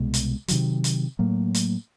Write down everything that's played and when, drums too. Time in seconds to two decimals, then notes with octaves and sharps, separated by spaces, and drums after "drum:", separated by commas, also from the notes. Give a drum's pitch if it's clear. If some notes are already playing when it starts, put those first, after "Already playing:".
Already playing: C2 B2 G#3
0.14 drum: hi-hat
0.48 C3 D#3 F#3, drum: hi-hat
0.84 drum: hi-hat
1.19 A2 F#3 A#3
1.54 drum: hi-hat